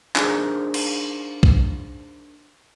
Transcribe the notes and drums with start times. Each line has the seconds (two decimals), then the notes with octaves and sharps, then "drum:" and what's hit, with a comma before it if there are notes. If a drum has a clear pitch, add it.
0.16 D4 D#4 G#4 A#4 C5, drum: clap
0.74 drum: cymbal
1.43 drum: kick